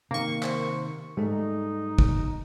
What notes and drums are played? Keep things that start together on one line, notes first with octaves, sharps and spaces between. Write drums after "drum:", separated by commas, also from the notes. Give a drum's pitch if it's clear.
C3 D#3 A#3 C#6
C5, drum: clap
G#2 G3 A3 D#4
drum: kick